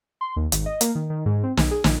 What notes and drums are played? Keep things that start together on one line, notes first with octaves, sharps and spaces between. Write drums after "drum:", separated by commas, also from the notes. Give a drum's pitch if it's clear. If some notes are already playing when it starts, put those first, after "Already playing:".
C6
D#2
G#1, drum: hi-hat
D#5
A#3, drum: hi-hat
D#3
D#3
G#2
C4
B1, drum: snare
G#4
A#1, drum: snare